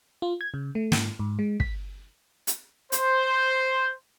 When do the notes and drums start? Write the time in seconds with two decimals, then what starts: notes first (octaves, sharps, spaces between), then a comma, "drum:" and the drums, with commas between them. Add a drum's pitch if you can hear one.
0.22 F4
0.41 G#6
0.54 C#3
0.75 A3
0.92 G#2, drum: snare
1.19 G#2
1.39 G#3
1.60 B6, drum: kick
2.47 drum: hi-hat
2.92 C5, drum: hi-hat